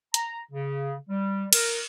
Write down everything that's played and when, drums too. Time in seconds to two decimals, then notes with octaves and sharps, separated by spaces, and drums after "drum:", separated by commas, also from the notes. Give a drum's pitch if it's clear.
0.14 A#5, drum: hi-hat
0.52 C#3
1.09 G3
1.53 A#4, drum: cymbal